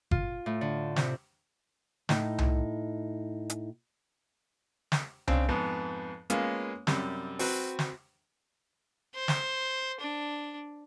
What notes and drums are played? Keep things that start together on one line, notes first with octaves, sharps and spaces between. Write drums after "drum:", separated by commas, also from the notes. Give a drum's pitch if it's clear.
F4, drum: kick G1
A2
D3
C3, drum: snare
A2 D#4, drum: snare
drum: tom C2
drum: hi-hat
drum: snare
C#3 C4 D4, drum: tom C2
F2 G#2 B3
G#3 A#3 B3 C#4 F4, drum: hi-hat
F#2 C3 G3, drum: snare
C4 F#4 B4, drum: open hi-hat
drum: snare
C5
drum: snare
D4